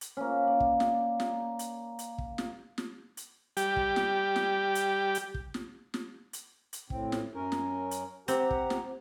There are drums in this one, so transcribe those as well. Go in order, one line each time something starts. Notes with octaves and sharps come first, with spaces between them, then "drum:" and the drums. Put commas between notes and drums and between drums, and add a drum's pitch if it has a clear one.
drum: hi-hat
A#3 C#4
D5
drum: kick
drum: snare
drum: snare
drum: hi-hat
drum: hi-hat
drum: kick
drum: snare
drum: snare
drum: hi-hat
G3 G4, drum: hi-hat
drum: kick
drum: snare
drum: snare
drum: hi-hat
drum: hi-hat
drum: kick
drum: snare
drum: snare
drum: hi-hat
drum: hi-hat
A2 C4, drum: kick
drum: snare
F#2 C#4 A#4
drum: snare
drum: hi-hat
C4 G4 F#5 A#5, drum: hi-hat
drum: kick
drum: snare